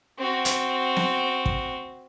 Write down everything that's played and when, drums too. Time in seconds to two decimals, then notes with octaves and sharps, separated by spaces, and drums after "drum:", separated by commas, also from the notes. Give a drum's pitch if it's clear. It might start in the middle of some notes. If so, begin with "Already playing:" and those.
0.18 C4 F#4
0.45 drum: hi-hat
0.96 drum: snare B3
1.46 drum: kick